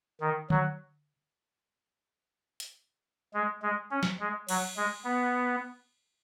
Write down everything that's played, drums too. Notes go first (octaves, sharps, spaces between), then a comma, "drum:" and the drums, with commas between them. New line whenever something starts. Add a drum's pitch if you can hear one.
D#3
F#3, drum: tom D3
drum: hi-hat
G#3
G#3
C#4
drum: snare
G#3
F#3, drum: cymbal
G#3
B3